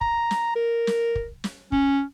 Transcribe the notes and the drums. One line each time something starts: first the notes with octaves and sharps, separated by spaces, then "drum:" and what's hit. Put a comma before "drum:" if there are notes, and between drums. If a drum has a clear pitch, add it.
A#5, drum: kick
drum: snare
A#4
drum: snare
drum: kick
drum: snare
C#4, drum: kick